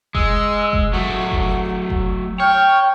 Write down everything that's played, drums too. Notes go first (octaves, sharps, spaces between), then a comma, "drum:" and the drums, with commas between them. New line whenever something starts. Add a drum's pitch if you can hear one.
G#3 E6, drum: kick F1
drum: kick F1
F#3 A3 F#5
drum: kick F1
drum: kick F1
C#5 G5 F6